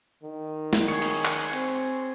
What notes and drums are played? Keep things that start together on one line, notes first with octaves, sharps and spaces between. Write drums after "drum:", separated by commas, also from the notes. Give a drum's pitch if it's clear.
D#3
drum: snare
G#4 C#5
drum: cymbal
drum: clap
C4, drum: hi-hat